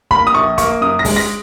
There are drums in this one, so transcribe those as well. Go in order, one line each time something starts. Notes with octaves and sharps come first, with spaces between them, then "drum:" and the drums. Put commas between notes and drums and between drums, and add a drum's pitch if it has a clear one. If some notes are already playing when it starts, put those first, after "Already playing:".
A#3 B5, drum: kick
D#6
A#1 C#6
A#3 C#6, drum: kick, hi-hat
F#2 D#6
A#6
G#3, drum: kick, open hi-hat
A#6